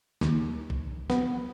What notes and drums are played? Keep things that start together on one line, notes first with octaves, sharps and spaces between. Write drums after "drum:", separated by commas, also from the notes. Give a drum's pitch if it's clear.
D#2, drum: snare
drum: kick
B3, drum: snare